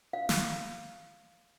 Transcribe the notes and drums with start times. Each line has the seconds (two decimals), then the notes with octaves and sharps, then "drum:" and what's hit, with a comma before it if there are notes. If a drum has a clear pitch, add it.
0.13 F5
0.29 drum: snare